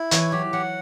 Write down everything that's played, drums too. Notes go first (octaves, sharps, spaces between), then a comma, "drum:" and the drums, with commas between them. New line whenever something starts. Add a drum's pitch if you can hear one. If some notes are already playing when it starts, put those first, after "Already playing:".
Already playing: E4
E3 C#5, drum: hi-hat
F#3 G4
F#3 F#5